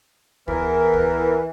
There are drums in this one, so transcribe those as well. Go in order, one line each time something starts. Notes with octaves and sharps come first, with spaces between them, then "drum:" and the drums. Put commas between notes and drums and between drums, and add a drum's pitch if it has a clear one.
E2 E3 A#4, drum: kick
drum: kick